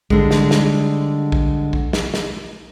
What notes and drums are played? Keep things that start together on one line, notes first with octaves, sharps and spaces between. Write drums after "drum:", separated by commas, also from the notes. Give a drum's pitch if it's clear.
D3 G3 G#3, drum: kick A#1
drum: snare
drum: snare
drum: kick A#1
drum: kick A#1
drum: snare
drum: snare